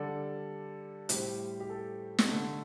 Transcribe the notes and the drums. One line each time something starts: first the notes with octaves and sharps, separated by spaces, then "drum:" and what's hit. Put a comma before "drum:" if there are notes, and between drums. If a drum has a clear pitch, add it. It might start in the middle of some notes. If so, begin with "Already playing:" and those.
Already playing: D3 G3 A4 D5
A2 G3 G4 C5, drum: hi-hat
G4
A4
drum: snare
D3 A3